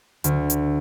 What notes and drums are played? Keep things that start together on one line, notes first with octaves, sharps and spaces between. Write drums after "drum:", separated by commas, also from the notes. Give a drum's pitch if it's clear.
D2, drum: hi-hat
drum: hi-hat